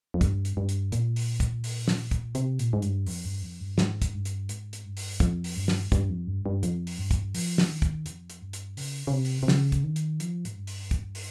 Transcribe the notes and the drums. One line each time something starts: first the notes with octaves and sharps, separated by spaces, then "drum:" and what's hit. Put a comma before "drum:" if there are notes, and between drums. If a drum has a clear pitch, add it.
F2
G2, drum: kick, hi-hat
drum: hi-hat
G2
drum: hi-hat
A#2, drum: hi-hat
drum: open hi-hat
drum: kick, hi-hat
drum: open hi-hat
drum: snare
drum: kick, hi-hat
C3, drum: hi-hat
A#2, drum: hi-hat
G#2
G2, drum: hi-hat
F2, drum: open hi-hat
G2
F2
G2
G#2, drum: snare
drum: kick, hi-hat
G2
drum: hi-hat
G#2, drum: hi-hat
drum: hi-hat
G2
drum: open hi-hat
F2, drum: kick, hi-hat
drum: open hi-hat
G2
drum: snare
G2, drum: kick, hi-hat
F2
G2
G2
F2, drum: hi-hat
drum: open hi-hat
G2
drum: kick, hi-hat
F3, drum: open hi-hat
drum: snare
D#3
drum: kick, hi-hat
F2, drum: hi-hat
drum: hi-hat
G2
drum: hi-hat
C#3, drum: open hi-hat
C#3
C3
drum: open hi-hat
C3
C#3, drum: snare
drum: kick, hi-hat
D#3
drum: hi-hat
F3, drum: hi-hat
G#2, drum: hi-hat
G2
drum: open hi-hat
drum: kick, hi-hat
drum: open hi-hat